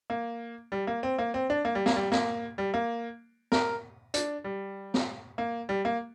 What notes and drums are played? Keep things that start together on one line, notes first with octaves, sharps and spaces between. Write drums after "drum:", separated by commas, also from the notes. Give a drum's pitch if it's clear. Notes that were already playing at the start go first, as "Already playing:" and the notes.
A#3
G3
A#3
C4
A#3
C4
D4
A#3
G3
A#3, drum: snare
G3
A#3, drum: snare
G3
A#3
A#4, drum: snare
D4, drum: hi-hat
G3
drum: snare
A#3
G3
A#3